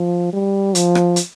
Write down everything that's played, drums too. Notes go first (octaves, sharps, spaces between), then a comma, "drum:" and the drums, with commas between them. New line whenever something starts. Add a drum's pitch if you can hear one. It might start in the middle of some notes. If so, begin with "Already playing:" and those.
Already playing: F3
G3
F3, drum: hi-hat
drum: rim click
drum: hi-hat